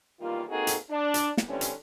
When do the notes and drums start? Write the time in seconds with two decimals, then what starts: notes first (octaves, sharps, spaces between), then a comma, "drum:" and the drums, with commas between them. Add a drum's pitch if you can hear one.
0.20 E2 D#3 G3 A#3 F4
0.49 A#3 C4 D#4 F#4 G#4 A4
0.67 drum: hi-hat
0.90 D4
1.14 drum: hi-hat
1.37 drum: snare
1.47 D3 E3 G3 C4 C#4
1.61 drum: hi-hat